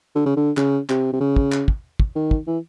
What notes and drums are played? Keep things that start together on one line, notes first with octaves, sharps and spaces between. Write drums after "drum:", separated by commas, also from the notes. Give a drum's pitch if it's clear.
D3
C#3
D3
C#3, drum: clap
C3, drum: clap
C3
C#3
drum: kick
drum: clap
drum: kick
drum: kick
D#3
drum: kick
E3